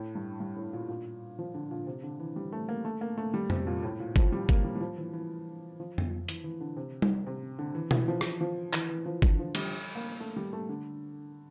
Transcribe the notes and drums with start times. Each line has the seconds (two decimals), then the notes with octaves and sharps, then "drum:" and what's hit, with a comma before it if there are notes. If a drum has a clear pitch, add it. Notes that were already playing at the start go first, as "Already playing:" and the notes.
Already playing: A2
0.15 G2
0.40 G2
0.56 A2
0.73 A#2
0.89 A#2
1.39 F3
1.54 D3
1.71 A#2
1.87 C3
2.03 D3
2.20 E3
2.36 G3
2.52 A3
2.69 A#3
2.85 A3
3.01 A#3
3.18 A3
3.34 G3
3.50 C3, drum: tom F2
3.67 A#2
3.83 A2
4.00 A#2
4.16 F3, drum: kick G1
4.32 G3
4.49 A#3, drum: kick G1
4.64 G3
4.75 G3
4.81 F3
4.97 E3
5.13 E3
5.80 F3
5.98 drum: tom F2
6.28 E3, drum: hi-hat
6.44 E3
6.61 D3
6.77 C3
7.02 drum: tom G3
7.27 C3
7.59 D3
7.75 E3
7.91 E3, drum: tom B2
8.08 F3
8.21 drum: rim click
8.41 F3
8.73 E3, drum: clap
8.89 E3
9.06 F3
9.22 D3, drum: kick G1
9.39 F3
9.55 G3, drum: cymbal
9.95 A#3
10.20 A3
10.37 G3
10.53 A3
10.69 D3